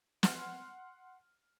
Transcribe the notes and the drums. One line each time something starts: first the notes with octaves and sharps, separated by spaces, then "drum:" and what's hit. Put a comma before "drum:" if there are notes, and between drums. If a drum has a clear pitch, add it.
F#5 C6 F6, drum: snare